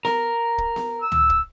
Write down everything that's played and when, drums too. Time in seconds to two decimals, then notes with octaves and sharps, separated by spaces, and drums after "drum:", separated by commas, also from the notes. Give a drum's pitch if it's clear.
0.05 A#4, drum: snare B3
0.58 drum: kick
0.76 drum: snare B3
1.02 E6
1.12 drum: tom C#2
1.30 drum: kick